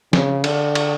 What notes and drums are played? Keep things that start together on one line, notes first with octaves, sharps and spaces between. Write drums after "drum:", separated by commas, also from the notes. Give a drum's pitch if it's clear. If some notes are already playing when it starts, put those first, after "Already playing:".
C#3, drum: snare
D3, drum: cymbal
drum: cymbal